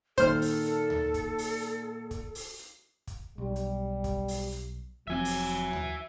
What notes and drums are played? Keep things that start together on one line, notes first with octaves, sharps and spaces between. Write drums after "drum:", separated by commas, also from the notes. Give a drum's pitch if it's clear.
A#2 D#3 A4 C5 F6, drum: kick, hi-hat
drum: open hi-hat
drum: hi-hat
drum: tom D2
drum: kick, hi-hat
drum: open hi-hat
drum: hi-hat
drum: kick, hi-hat
drum: open hi-hat
drum: hi-hat
drum: kick, hi-hat
B1 G3
drum: hi-hat
drum: kick, hi-hat
drum: open hi-hat
drum: hi-hat
F1 F3 F#3 C4 E5 G#5
drum: open hi-hat
drum: hi-hat
drum: tom D2